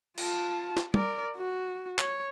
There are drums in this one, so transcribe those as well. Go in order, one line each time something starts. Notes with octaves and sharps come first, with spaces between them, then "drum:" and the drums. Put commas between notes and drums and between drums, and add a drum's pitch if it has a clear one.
F4 A5, drum: cymbal
drum: snare
A#4 D5, drum: tom
F#4
C#5, drum: clap